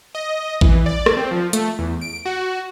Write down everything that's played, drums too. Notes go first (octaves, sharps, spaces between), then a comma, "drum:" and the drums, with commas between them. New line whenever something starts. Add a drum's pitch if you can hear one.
D#5
E3, drum: kick A1
D5
drum: rim click
C4
F3
A3, drum: hi-hat
E2
D7
F#4